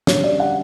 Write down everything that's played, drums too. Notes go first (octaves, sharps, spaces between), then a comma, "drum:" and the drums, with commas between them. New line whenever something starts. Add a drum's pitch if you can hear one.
F#2 D3 G3 C#5, drum: snare
D5
F#5